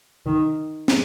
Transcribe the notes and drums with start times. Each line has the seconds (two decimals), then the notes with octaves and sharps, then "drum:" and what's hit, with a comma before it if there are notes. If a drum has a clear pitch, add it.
0.26 D#3
0.88 drum: snare